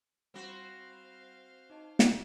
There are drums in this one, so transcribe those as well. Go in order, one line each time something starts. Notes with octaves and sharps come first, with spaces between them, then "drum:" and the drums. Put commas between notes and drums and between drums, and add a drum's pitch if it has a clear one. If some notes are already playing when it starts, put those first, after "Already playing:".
G3 C4 F#4 C5 F5 F#5 B5
D#4 D#5 A5
drum: snare